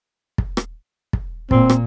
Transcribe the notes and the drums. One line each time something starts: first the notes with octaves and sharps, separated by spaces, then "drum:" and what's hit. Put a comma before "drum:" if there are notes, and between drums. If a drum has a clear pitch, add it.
drum: kick
drum: rim click
drum: kick
A#2 C4, drum: kick
drum: rim click